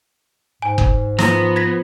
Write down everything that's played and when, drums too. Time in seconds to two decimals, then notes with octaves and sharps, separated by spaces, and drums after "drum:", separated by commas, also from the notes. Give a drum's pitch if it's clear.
0.62 G#2 G#5
0.78 drum: kick F#1
1.19 F3 B3 A#5, drum: snare
1.56 G#6 A#6 B6